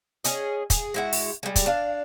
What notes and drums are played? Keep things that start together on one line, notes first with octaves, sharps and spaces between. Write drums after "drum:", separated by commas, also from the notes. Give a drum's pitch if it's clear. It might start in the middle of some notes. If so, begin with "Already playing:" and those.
C#4 G#4 D#5, drum: hi-hat
G#4, drum: kick, hi-hat
G#3 E4 F#4
drum: open hi-hat
G3 G#3
drum: kick, hi-hat
D4 F5